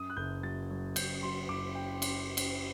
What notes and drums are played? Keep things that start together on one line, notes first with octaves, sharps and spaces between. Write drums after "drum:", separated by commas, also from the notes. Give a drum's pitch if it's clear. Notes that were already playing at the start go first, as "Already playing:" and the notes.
Already playing: F#2 D#6
F#6
F#1 G6
F#3 A6
F#3
F#1 G6, drum: cymbal
F#3 C6
F#1 D6
G5
drum: cymbal
drum: cymbal